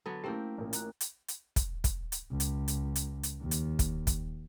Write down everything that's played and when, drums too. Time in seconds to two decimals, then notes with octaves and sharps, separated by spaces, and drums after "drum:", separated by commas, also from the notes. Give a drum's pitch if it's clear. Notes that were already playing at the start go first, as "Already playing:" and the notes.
0.06 D3 F#3 B3
0.24 A3 A#3 C4 C#4 E4 G4 G6
0.58 A1 A#2
0.73 A#5 F#6, drum: hi-hat
1.01 drum: hi-hat
1.28 drum: hi-hat
1.56 drum: kick, hi-hat
1.84 drum: kick, hi-hat
2.12 drum: hi-hat
2.31 C#2
2.40 drum: hi-hat
2.68 drum: hi-hat
2.96 drum: hi-hat
3.23 drum: hi-hat
3.41 D#2
3.51 drum: hi-hat
3.79 drum: kick, hi-hat
4.07 drum: kick, hi-hat